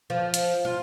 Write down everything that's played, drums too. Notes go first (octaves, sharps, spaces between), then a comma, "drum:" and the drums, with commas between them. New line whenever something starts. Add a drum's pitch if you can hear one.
F3
drum: hi-hat
F4